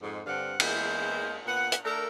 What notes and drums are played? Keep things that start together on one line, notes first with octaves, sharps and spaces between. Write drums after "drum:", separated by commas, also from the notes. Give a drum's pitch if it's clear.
F2 G#2
G2 D3 C4 F5 F#5
E2 E3 G#3 A#3 C5, drum: cymbal
A#2 B3 B4 F#5
drum: hi-hat
A3 D4 A4 A#4